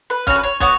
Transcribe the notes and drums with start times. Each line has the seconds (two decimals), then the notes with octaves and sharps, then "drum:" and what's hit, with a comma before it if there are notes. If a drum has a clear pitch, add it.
0.10 B4
0.27 C#4 F#4 C#5, drum: kick
0.35 B4
0.43 C#5
0.60 B3 F#4 C#5, drum: kick